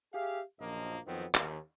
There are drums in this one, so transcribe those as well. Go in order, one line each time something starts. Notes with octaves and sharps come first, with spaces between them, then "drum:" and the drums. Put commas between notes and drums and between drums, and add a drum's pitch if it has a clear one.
G4 G#4 E5 F5
A#1 F#2 F3 A#3 D#5
F2 D#3 F#3 B3 C4
D#2, drum: clap